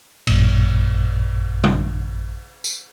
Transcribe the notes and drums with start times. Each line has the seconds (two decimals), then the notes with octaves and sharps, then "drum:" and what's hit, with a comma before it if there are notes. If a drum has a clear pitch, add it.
0.27 A1 F#2 A#2, drum: cymbal
1.64 drum: tom C3
2.64 drum: tambourine